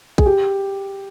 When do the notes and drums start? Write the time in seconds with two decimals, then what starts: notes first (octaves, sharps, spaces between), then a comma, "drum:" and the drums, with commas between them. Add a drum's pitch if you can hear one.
0.18 G#4, drum: kick
0.26 G4